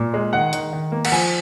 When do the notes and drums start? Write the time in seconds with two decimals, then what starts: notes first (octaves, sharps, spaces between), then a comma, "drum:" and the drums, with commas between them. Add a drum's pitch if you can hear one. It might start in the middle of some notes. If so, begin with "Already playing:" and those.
Already playing: A#2
0.14 G#3
0.33 D#3 F#5
0.53 D#3, drum: hi-hat
0.73 D#3
0.92 A#3
1.05 F#5, drum: cymbal
1.12 F3 G#5